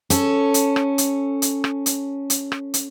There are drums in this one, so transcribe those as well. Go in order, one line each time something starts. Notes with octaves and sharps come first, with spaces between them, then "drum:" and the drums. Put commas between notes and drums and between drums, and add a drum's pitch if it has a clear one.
C#4 A4, drum: hi-hat
drum: hi-hat
drum: rim click
drum: hi-hat
drum: hi-hat
drum: rim click
drum: hi-hat
drum: hi-hat
drum: rim click
drum: hi-hat